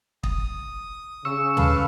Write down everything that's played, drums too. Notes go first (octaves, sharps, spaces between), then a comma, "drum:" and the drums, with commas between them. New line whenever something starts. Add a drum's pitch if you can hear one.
D#6, drum: kick
C#3 C#6 E6
A4 B4 F5, drum: tom